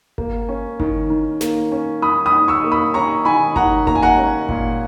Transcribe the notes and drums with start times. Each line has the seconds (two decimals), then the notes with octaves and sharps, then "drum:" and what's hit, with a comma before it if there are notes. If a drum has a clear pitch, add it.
0.18 A#3, drum: kick G1
0.49 C#4
0.80 D#3, drum: kick G1
1.10 D#3
1.41 A#3, drum: snare
1.72 C#4
2.02 D#3 B5 D#6
2.25 B5 D#6
2.33 D#3
2.48 C#6 E6
2.64 A#3
2.71 B5 D#6
2.94 C#4 A#5 C#6
3.25 D#3 G#5 B5
3.56 D#3 F#5 A#5, drum: kick G1
3.87 A#3 A#5, drum: kick G1
3.95 G#5
4.03 F#5 A#5
4.18 C#4
4.49 A#2, drum: kick G1